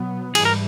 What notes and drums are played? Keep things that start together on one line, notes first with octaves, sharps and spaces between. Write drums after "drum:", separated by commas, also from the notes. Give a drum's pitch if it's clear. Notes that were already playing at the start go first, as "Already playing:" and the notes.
Already playing: B2 F#3 B3
G#2 E3 G3 G#4, drum: cymbal
A#4